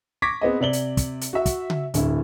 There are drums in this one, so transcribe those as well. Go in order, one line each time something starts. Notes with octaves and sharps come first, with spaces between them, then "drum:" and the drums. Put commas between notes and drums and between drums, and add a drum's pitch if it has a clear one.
C#6 D6 G#6 A#6 B6
B3 C4 G#4 D#5
C3 D5 F#7 G7
drum: hi-hat
drum: kick, hi-hat
drum: hi-hat
F#4 E5
drum: kick, hi-hat
drum: tom C#3
D1 G2 E4, drum: hi-hat